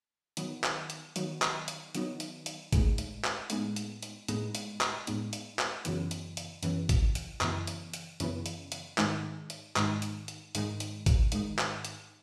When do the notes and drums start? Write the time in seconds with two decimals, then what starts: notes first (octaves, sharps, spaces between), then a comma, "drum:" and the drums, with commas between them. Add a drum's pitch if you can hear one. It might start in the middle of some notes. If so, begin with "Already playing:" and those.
0.37 D#3 F#3 B3 D#4, drum: hi-hat
0.64 drum: clap
0.90 drum: hi-hat
1.16 D#3 F#3 B3 D#4, drum: hi-hat
1.42 drum: clap
1.68 drum: hi-hat
1.95 D#3 F#3 B3 D#4, drum: hi-hat
2.20 drum: hi-hat
2.46 drum: hi-hat
2.73 A2 G#3 B3 D#4, drum: kick, hi-hat
2.98 drum: hi-hat
3.24 drum: clap
3.50 A2 G#3 B3 D#4, drum: hi-hat
3.76 drum: hi-hat
4.02 drum: hi-hat
4.28 A2 G#3 B3 D#4, drum: hi-hat
4.55 drum: hi-hat
4.81 drum: clap
5.07 A2 G#3 B3 D#4, drum: hi-hat
5.33 drum: hi-hat
5.59 drum: clap
5.85 F#2 C#3 E3 B3, drum: hi-hat
6.11 drum: hi-hat
6.37 drum: hi-hat
6.63 F#2 C#3 E3 B3, drum: hi-hat
6.89 drum: kick, hi-hat
7.15 drum: hi-hat
7.41 F#2 C#3 E3 B3, drum: clap
7.67 drum: hi-hat
7.94 drum: hi-hat
8.20 F#2 C#3 E3 B3, drum: hi-hat
8.46 drum: hi-hat
8.72 drum: hi-hat
8.98 G#2 D#3 G#3 D#4, drum: clap
9.50 drum: hi-hat
9.76 G#2 D#3 G#3 D#4, drum: clap
10.02 drum: hi-hat
10.28 drum: hi-hat
10.55 G#2 D#3 G#3 D#4, drum: hi-hat
10.80 drum: hi-hat
11.06 drum: kick, hi-hat
11.32 G#2 D#3 G#3 D#4, drum: hi-hat
11.58 drum: clap
11.85 drum: hi-hat